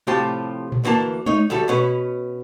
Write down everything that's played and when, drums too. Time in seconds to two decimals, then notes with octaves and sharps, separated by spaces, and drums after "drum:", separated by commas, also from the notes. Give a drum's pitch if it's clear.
0.07 A2 C3 F3 F4 G4 A5
0.72 drum: tom A#2
0.83 D2 A#2 E3 A#3 A5
1.26 D#4 C#5, drum: tom G#3
1.50 D2 G3 A4
1.68 B2 C#4 B4